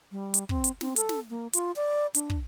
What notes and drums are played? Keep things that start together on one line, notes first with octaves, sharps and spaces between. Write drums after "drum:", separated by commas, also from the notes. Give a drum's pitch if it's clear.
G3
drum: hi-hat
C4, drum: kick
drum: hi-hat
C4, drum: snare
A4, drum: hi-hat
drum: snare
A#3
F4, drum: hi-hat
D5
D4, drum: hi-hat
drum: kick